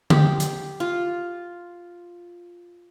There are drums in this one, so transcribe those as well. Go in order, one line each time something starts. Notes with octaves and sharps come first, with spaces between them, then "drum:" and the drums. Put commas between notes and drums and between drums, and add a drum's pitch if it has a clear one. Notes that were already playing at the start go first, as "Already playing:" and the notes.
G4, drum: tom D3
drum: hi-hat
F4